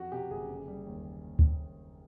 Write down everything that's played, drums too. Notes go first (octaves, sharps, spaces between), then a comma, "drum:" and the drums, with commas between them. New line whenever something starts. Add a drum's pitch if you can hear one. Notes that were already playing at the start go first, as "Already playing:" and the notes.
Already playing: F2 F#4
C3 G4
F#1 G#4
D3
G3
D#2
drum: kick D2